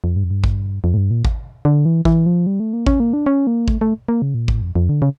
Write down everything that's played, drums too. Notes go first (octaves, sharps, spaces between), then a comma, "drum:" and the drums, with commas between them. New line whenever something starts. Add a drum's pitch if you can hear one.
F2
G2
F2
G2
drum: kick G#1
F2
A2
G2
A#2
drum: kick G#1
D3
E3
E3, drum: kick G#1
F3
G3
A3
A#3
C#4, drum: kick G#1
A#3
D4
C#4
A#3
A3, drum: kick G#1
A3
A#3
C#3
A#2
A2, drum: kick G#1
F2
F2
D3
C#3